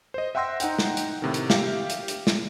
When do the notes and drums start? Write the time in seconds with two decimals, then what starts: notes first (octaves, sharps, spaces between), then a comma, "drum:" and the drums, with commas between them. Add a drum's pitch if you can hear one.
0.14 C5 D#5
0.35 E5 F#5 G5 C6 E6 A#6
0.60 D#4 F#5 G5, drum: hi-hat
0.79 drum: snare
0.97 drum: hi-hat
1.22 A2 C3 D#3
1.34 drum: hi-hat
1.50 G4 E5 F5, drum: snare
1.90 drum: hi-hat
2.08 drum: hi-hat
2.27 drum: snare